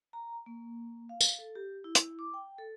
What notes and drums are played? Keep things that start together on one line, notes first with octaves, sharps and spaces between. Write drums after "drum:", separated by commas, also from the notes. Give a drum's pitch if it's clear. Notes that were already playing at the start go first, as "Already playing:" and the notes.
A#5
A#3
F5
drum: tambourine
A4
G4
E4
drum: hi-hat
D6
G5
A4